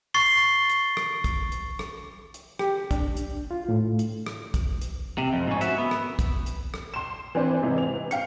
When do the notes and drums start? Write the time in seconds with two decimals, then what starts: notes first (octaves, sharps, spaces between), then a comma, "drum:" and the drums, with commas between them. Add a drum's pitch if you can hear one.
0.14 C#6 A6 C7 G7
0.69 drum: hi-hat
0.97 drum: rim click
1.24 drum: kick, hi-hat
1.52 drum: hi-hat
1.79 drum: rim click
2.34 drum: hi-hat
2.59 G4, drum: rim click
2.91 D4, drum: kick, hi-hat
3.17 drum: hi-hat
3.51 F4
3.69 A2
3.99 drum: hi-hat
4.26 drum: rim click
4.54 drum: kick, hi-hat
4.81 drum: hi-hat
5.18 C3
5.33 F2
5.47 G#2 C#4
5.61 F#4 E5, drum: hi-hat
5.78 B3
5.91 drum: rim click
6.19 drum: kick, hi-hat
6.46 drum: hi-hat
6.74 drum: rim click
6.94 C6 E7
7.35 E3 C4 D4 B4 C5
7.62 G#2 C3 E3
7.78 F7
8.11 F5 G5 C#7, drum: hi-hat